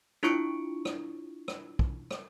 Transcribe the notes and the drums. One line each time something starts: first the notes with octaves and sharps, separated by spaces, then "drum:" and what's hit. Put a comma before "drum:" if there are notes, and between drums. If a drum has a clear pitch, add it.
D4 E4 F4 C#6 C#7 D7, drum: rim click
drum: rim click
drum: rim click
drum: kick
drum: rim click